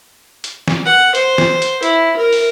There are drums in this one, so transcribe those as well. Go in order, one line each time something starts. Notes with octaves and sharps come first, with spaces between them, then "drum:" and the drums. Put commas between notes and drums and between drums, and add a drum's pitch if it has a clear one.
drum: hi-hat
drum: snare
F#5
C5, drum: hi-hat
drum: snare
drum: hi-hat
E4, drum: hi-hat
A#4
drum: open hi-hat